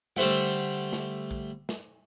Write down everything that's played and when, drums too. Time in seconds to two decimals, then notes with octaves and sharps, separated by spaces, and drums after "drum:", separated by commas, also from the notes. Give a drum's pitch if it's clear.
0.16 D3 G3 A3 C5 E5 F#5, drum: snare
0.93 drum: snare
1.31 drum: kick A#1
1.69 drum: snare